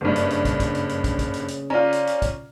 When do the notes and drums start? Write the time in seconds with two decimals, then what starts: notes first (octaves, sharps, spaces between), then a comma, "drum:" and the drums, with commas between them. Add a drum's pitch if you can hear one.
0.01 F#1 G2 C#3
0.16 drum: hi-hat
0.30 drum: hi-hat
0.45 drum: kick, hi-hat
0.60 drum: kick, hi-hat
0.75 drum: hi-hat
0.89 drum: hi-hat
1.04 drum: kick, hi-hat
1.19 drum: kick, hi-hat
1.34 drum: hi-hat
1.48 drum: hi-hat
1.70 C#4 F4 D5 A#5
1.93 drum: hi-hat
2.07 drum: hi-hat
2.22 drum: kick, hi-hat